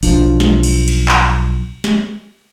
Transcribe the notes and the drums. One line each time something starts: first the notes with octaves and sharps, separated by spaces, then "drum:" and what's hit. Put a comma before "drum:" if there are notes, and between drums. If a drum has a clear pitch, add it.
B1 F3 D4, drum: open hi-hat
drum: snare
drum: cymbal
drum: cymbal
drum: clap
drum: snare